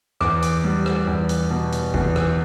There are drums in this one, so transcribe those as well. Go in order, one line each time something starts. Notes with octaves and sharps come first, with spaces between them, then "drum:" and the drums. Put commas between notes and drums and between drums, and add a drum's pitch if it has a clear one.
E2 D6, drum: rim click
drum: hi-hat
G3
drum: rim click
E2
drum: hi-hat
B2
drum: hi-hat
E2, drum: kick
drum: rim click